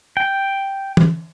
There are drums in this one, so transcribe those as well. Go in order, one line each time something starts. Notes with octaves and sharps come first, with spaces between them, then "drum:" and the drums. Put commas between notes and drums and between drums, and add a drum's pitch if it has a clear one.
G5
drum: tom